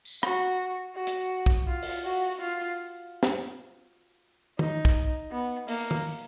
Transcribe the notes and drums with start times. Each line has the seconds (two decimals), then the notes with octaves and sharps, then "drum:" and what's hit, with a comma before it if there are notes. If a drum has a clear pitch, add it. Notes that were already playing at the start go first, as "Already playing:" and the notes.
0.05 drum: tambourine
0.23 F#4, drum: rim click
0.95 F#4
1.07 drum: hi-hat
1.46 drum: kick
1.68 F4
1.83 drum: open hi-hat
2.05 F#4
2.40 F4
3.23 drum: snare
4.59 D#4, drum: tom
4.85 drum: kick
5.31 B3
5.68 A#3, drum: open hi-hat
5.91 drum: tom